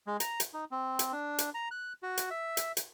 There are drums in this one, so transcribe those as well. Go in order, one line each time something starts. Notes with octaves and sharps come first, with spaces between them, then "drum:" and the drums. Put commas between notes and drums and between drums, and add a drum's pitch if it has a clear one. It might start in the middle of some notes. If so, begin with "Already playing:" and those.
G#3
A#5, drum: hi-hat
drum: hi-hat
D#4
C4
drum: hi-hat
D4
drum: hi-hat
A#5
F#6
F#4
drum: hi-hat
E5
drum: hi-hat
drum: hi-hat